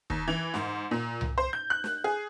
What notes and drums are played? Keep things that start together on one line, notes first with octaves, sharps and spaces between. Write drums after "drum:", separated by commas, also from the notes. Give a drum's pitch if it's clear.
D#2, drum: kick
E3
G#2, drum: snare
A#2
drum: tom C2
C5
G6
F#6
drum: snare
G#4